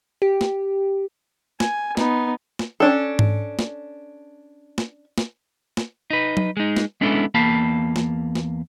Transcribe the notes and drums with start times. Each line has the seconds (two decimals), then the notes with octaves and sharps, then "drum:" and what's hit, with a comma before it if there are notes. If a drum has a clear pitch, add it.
0.22 G4
0.41 drum: snare
1.60 G#5, drum: snare
1.97 B3 D#4, drum: snare
2.59 drum: snare
2.80 C#4 D4 A4
3.19 drum: tom G#2
3.59 drum: snare
4.78 drum: snare
5.18 drum: snare
5.77 drum: snare
6.10 D#4 B4
6.37 drum: tom F#3
6.57 G#3 D#4
6.77 drum: snare
7.01 G#3 B3 C#4 D4 E4 A4
7.34 E2 A#3 F5 G5 A5 B5
7.96 drum: snare
8.35 drum: snare